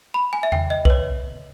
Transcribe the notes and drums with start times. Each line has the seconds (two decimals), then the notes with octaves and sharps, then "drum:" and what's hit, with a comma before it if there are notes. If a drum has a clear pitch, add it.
0.14 B5
0.33 G#5
0.43 E5
0.52 G5, drum: tom E2
0.70 D#5
0.85 B4, drum: kick B1
0.90 C#5